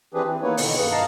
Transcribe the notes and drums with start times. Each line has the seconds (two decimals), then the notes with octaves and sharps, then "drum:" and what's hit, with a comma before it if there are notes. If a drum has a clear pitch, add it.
0.14 E3 C4 D4 G4 G#4 B4
0.27 E3
0.43 A#3 B3 D#4 E4 B4 C#5
0.57 B2 D3 D#3, drum: open hi-hat
0.78 F#2 A#3 G#4 B4
0.92 G2 D#4 D#5 F5 A5 A#5